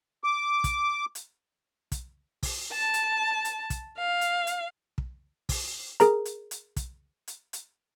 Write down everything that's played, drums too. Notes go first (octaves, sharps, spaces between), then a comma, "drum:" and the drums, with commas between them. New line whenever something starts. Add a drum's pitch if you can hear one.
D6
drum: kick, hi-hat
drum: hi-hat
drum: kick, hi-hat
drum: kick, open hi-hat
A5
drum: hi-hat
drum: hi-hat
drum: kick, hi-hat
F5
drum: hi-hat
drum: hi-hat
drum: kick
drum: kick, open hi-hat
G#4 A#4 A#5, drum: hi-hat
drum: hi-hat
drum: hi-hat
drum: kick, hi-hat
drum: hi-hat
drum: hi-hat